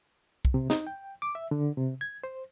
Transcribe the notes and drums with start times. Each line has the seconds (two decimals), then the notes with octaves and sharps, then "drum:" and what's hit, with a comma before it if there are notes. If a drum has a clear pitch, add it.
0.45 drum: kick
0.54 C3
0.70 D#4, drum: snare
0.87 G5
1.22 D6
1.35 E5
1.51 D3
1.78 C3
2.01 G#6
2.24 C5